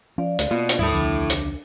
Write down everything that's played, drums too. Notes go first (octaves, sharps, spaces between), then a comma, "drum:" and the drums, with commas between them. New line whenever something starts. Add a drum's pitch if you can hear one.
F3 C#4 D5 F5
D2, drum: hi-hat
B2 A#3 F4
drum: hi-hat
D#2 G#2 G3 E4 A4 B5 D#6
C2 D3 F3 D4
drum: hi-hat